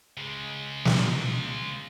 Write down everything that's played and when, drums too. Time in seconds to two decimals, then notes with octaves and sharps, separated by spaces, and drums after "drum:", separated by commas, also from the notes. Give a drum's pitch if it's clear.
0.17 C#3 G#3
0.85 drum: snare